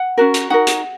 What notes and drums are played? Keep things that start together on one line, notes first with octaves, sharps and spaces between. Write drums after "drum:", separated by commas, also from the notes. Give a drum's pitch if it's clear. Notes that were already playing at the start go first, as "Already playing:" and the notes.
Already playing: F#5
C#4 F#4 A#4
drum: hi-hat
D#4 F#4 A#4 F#5
drum: hi-hat